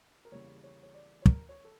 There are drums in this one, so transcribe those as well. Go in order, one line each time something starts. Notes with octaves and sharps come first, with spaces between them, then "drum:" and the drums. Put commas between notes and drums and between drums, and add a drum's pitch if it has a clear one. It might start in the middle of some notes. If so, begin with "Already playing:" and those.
A#4
E2 C#3 G3 A#3 C#5
C#5
C#5
D5
C#5
A#4, drum: kick
C#5
A4